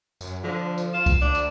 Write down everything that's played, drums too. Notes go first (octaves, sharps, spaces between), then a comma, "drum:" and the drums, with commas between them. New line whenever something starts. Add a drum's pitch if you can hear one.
F#2, drum: tambourine
D3 F3
drum: tambourine
F4 E7
drum: kick C2, tambourine
D2 D4
drum: tambourine